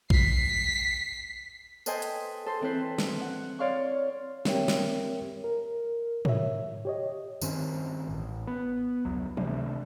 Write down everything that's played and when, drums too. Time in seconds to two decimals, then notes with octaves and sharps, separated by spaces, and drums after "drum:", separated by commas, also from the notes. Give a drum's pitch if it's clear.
0.10 B6 C7, drum: kick
1.86 A4 B4 C5 D#5 G5 G#5, drum: tambourine
2.02 drum: hi-hat
2.46 A4 C5 C6
2.61 E3 C4 A4 B4 C5
2.98 drum: snare
3.21 F#5
3.59 C#5 D5 F5 C6 C#6
4.45 C4 G4 A#4 C#5 E5 G5, drum: snare
4.68 drum: snare
5.44 A#4
6.25 C#5 E5, drum: tom
6.85 G4 C#5 D#5
7.41 G2 D#3 C4 C#4, drum: tambourine
8.08 A1
8.47 B3
9.05 F1 C#2 F#3
9.37 C3 A3 D4, drum: tom